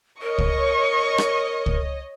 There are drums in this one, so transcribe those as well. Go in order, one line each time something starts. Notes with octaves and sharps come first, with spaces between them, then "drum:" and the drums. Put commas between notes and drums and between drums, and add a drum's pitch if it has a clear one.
A#4 C#5 D#5 C#6
drum: kick
drum: rim click
drum: kick